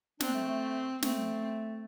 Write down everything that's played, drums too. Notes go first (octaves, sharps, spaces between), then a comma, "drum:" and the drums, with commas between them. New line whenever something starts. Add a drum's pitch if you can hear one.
C4 D4, drum: snare
A3
A3
A3 C4, drum: snare